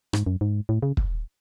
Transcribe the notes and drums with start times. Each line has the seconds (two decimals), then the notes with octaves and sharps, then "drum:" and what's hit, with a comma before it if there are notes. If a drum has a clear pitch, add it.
0.13 G#2, drum: rim click
0.26 F#2
0.41 G#2
0.69 A2
0.82 C#3
0.97 drum: kick